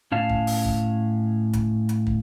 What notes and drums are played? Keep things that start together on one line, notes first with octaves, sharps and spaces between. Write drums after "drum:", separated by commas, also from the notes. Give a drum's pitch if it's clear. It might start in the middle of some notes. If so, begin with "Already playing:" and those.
A2 C#4 F5 A5
drum: kick
drum: open hi-hat
drum: kick
drum: kick, hi-hat
drum: hi-hat
drum: kick